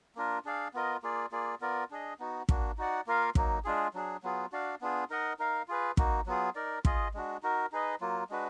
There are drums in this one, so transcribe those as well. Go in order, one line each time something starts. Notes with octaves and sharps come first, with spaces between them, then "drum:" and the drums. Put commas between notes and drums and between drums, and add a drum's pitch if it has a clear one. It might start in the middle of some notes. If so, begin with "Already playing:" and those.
A#3 D4 F4 A#4
D4 G#4 D5 F5
B3 F4 A#4 D#5
A#3 F4 G#4 D5
A#3 F4 G#4 D5
B3 F4 A#4 D5
D4 G#4 D#5
B3 D#4 F#4
A#3 D4 F#4, drum: kick
D#4 F#4 D5 F#5
A#3 F4 A#4 F5
F#3 A#3 D#4, drum: kick
G#3 D4 F4 G#4
F#3 D4 G#4
F#3 B3 F4 G#4
D4 F#4 D5 F5
B3 D4 F4 G#4
D#4 A#4 D#5 F#5
D#4 A#4 F5
F4 G#4 B4
A#3 D#4 F#4, drum: kick
F#3 B3 F4 G#4
D#4 A#4 D5
F4 G#4 D#5, drum: kick
G#3 D4 F#4
D#4 F#4 A#4
D#4 G#4 B4 D#5
F#3 A#3 F4
G#3 D4 F#4 B4